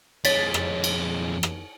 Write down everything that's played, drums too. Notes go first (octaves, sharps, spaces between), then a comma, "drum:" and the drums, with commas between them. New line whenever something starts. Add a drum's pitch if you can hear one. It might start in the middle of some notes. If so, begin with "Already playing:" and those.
F2 G#3 C#5 A6 B6, drum: cymbal
drum: rim click
drum: cymbal
drum: rim click